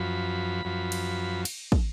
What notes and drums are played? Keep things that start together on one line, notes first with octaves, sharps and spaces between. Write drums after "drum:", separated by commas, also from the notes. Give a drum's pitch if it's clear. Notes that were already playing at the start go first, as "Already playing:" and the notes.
Already playing: F#2 F3 B5
F#2 F3
drum: cymbal
drum: cymbal
drum: kick